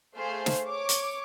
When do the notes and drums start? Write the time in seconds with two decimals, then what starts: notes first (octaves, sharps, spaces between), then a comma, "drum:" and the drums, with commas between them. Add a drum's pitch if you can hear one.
0.18 A3 G#4 C5 F5
0.46 drum: snare
0.68 C#5 D6
0.89 drum: hi-hat